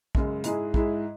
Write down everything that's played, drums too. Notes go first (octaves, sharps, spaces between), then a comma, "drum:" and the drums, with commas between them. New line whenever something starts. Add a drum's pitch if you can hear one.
F#2 C#3 G#3, drum: kick
G#2 G#3 E4 G#4, drum: hi-hat
G#2 G#3 E4 G#4, drum: kick